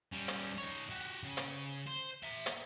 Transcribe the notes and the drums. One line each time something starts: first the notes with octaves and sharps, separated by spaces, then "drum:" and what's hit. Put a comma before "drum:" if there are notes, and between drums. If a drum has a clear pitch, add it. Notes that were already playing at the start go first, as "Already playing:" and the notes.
G3 C#4
drum: hi-hat
D#4 C#5
F#4 G4
C#3
drum: hi-hat
C5
E5 A#5
drum: hi-hat